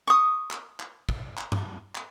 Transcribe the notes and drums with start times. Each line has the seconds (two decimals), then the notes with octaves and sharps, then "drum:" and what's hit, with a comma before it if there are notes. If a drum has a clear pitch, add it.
0.07 C#6 D#6
0.51 drum: clap
0.80 drum: clap
1.09 drum: kick
1.37 drum: clap
1.52 drum: tom G2
1.95 drum: clap